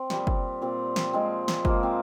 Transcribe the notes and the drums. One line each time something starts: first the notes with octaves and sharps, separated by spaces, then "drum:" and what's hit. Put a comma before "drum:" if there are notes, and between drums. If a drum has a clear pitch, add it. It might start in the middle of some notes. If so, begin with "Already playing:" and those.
Already playing: C4
A#2 G3, drum: snare
drum: kick
A#2 G3 C4
drum: snare
A#2 F3 G#3 C4
drum: snare
A#2 F3 G#3 A#3, drum: kick
C4